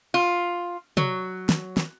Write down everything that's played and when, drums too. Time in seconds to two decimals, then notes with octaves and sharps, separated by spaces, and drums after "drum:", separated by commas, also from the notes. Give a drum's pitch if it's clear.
0.14 F4
0.97 F#3, drum: tom C3
1.49 drum: snare
1.77 drum: snare